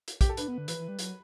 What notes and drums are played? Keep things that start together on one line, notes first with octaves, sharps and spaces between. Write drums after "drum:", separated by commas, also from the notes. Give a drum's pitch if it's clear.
drum: hi-hat
G4, drum: kick, hi-hat
A4
D4 B4, drum: hi-hat
B3
D3
E3 B4, drum: hi-hat
E3
G3
F#3, drum: hi-hat